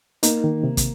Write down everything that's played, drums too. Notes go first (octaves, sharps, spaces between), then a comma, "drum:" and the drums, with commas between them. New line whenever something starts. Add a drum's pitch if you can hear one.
A#3 D#4, drum: hi-hat
D#3
C3
drum: kick, hi-hat